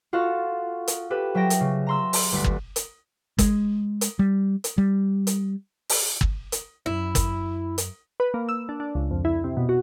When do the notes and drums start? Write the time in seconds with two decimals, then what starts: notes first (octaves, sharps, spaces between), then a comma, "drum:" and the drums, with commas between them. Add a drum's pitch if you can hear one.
0.13 F4 F#4 A4 F5
0.88 drum: hi-hat
1.10 G4 A4 B4
1.35 F#3 E5 G5 A#6 D7
1.50 drum: hi-hat
1.61 C#3
1.87 A#5 C6 E6
2.13 drum: open hi-hat
2.32 G1 D2 B6
2.44 drum: kick G1
2.76 drum: hi-hat
3.39 G#3, drum: kick G1, hi-hat
4.01 drum: hi-hat
4.19 G3
4.64 drum: hi-hat
4.78 G3
5.27 drum: hi-hat
5.89 drum: open hi-hat
6.21 drum: kick G1
6.52 drum: hi-hat
6.86 F#2 E4
7.15 drum: kick G1, hi-hat
7.78 drum: hi-hat
8.20 B4
8.34 A#3
8.49 E6
8.69 D4
8.80 D4
8.95 C#2
9.11 F2
9.25 E4
9.44 C3
9.57 B2
9.69 F#4